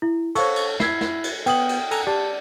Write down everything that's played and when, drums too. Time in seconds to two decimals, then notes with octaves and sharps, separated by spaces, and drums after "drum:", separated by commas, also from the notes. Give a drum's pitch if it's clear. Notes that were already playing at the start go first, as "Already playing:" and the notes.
0.02 E4
0.35 A4 C5 C#5 F5 C#6, drum: cymbal
0.56 drum: cymbal
0.80 E4 E5 G#6 C7, drum: snare
1.01 drum: snare
1.24 drum: cymbal
1.46 B3 G5 D#6 F#7, drum: cymbal
1.69 drum: cymbal
1.91 A4 G#5 A#5, drum: cymbal
2.07 G4 D5 A5